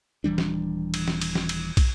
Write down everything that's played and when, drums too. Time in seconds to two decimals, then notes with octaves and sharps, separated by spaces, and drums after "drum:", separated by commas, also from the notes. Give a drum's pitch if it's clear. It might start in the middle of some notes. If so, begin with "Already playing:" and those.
0.24 D#1 E3 G3 D4
0.38 drum: snare
0.94 drum: cymbal
1.08 drum: snare
1.21 drum: cymbal
1.35 drum: snare
1.49 drum: cymbal
1.77 drum: kick, cymbal